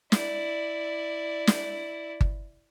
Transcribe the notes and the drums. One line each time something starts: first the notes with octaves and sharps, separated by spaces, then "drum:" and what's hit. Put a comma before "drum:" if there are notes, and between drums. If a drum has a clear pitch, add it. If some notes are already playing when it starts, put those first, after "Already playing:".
E4 D5, drum: snare
drum: snare
drum: kick G1